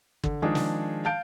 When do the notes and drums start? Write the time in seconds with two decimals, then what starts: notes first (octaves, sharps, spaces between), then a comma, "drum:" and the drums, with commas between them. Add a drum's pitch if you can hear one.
0.24 D3, drum: kick
0.42 D#3 F3 G#3 D4 G#4
0.55 drum: snare
1.05 F5 A5 G6 D7